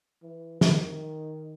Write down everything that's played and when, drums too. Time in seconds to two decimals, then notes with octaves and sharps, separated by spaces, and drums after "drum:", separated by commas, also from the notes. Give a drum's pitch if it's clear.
0.23 E3
0.61 D#3, drum: snare